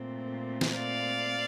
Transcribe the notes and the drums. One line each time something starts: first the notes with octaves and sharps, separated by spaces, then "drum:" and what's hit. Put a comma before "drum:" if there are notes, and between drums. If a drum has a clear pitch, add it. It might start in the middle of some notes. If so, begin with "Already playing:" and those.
Already playing: A#2 A3 C4
drum: snare
D5 F5